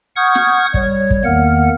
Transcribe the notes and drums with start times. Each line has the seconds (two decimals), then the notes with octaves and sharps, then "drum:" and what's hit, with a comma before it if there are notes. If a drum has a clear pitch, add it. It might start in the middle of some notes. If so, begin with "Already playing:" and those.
0.16 F#5 C#6 D#6 F6 G6 G#6
0.35 drum: snare
0.74 G3 C#5, drum: kick
1.11 drum: kick
1.25 E2 D#3 A#3 F#5 F6